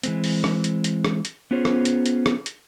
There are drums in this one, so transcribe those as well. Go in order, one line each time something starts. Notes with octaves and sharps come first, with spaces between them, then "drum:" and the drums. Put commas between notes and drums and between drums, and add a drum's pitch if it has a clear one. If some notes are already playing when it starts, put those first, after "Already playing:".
E3 G#3 C4, drum: hi-hat
drum: open hi-hat
drum: rim click
drum: hi-hat
drum: hi-hat
drum: rim click
drum: hi-hat
B3 C#4 F4 G#4 C5 C#5
drum: rim click
drum: hi-hat
drum: hi-hat
drum: rim click
drum: hi-hat